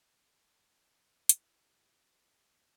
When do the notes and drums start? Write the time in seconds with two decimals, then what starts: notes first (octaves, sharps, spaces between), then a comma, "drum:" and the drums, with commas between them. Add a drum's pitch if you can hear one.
0.17 A5
1.29 E4 G4, drum: hi-hat